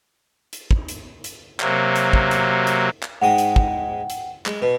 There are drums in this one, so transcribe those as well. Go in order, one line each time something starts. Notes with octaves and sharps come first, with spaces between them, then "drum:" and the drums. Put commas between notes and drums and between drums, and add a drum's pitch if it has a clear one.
drum: hi-hat
drum: kick
drum: hi-hat
drum: hi-hat
C3 F#3 A#3, drum: clap
drum: hi-hat
drum: kick
drum: hi-hat
drum: hi-hat
drum: clap
G#2 G#3 F#5 G5 D#6
drum: hi-hat
drum: kick
drum: hi-hat
G#3, drum: clap
B2